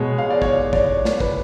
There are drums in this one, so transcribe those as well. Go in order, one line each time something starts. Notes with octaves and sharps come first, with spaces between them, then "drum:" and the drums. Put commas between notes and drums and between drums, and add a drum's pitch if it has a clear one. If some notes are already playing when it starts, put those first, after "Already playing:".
Already playing: B2 G#3 C#5
F5
D5
C#5, drum: kick
D5, drum: kick
D5, drum: snare
B4, drum: kick